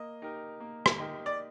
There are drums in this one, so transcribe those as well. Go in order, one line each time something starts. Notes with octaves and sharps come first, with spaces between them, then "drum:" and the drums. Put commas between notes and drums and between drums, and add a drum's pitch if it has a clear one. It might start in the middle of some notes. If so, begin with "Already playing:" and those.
Already playing: A#3 D#5
D#4 G4 A#4
A#3
drum: rim click
D#4 G4 A#4
D5